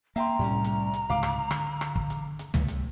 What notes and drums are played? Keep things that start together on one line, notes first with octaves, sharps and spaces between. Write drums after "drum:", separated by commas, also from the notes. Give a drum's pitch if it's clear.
A#3 E5 G5 A#5 C6
C2 A2 G3 C#4
drum: hi-hat
drum: hi-hat
C#2 G#2 C3 F5 D6
drum: rim click
D3, drum: rim click
drum: rim click
drum: kick
drum: hi-hat
drum: hi-hat
B1 C3 A3, drum: tom C#2
drum: hi-hat